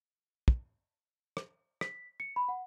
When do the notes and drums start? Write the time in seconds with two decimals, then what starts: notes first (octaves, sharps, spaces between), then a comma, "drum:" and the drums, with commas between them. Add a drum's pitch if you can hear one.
0.48 drum: kick
1.37 drum: rim click
1.81 B6, drum: rim click
2.20 C#7
2.36 B5
2.49 F#5